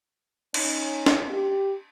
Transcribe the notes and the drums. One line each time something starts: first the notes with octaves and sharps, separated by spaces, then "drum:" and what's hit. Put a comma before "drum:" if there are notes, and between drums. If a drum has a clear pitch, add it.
C#4 D#4, drum: cymbal
drum: snare
G4